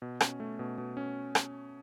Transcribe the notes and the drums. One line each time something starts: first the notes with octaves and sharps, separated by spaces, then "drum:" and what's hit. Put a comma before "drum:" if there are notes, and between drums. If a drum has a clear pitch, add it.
B2
C#4, drum: rim click
A3
B2
B2
C#4
drum: rim click